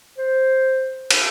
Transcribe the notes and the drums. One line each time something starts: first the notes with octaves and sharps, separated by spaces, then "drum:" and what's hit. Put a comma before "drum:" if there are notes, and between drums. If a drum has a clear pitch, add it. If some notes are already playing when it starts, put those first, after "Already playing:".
C5
drum: cymbal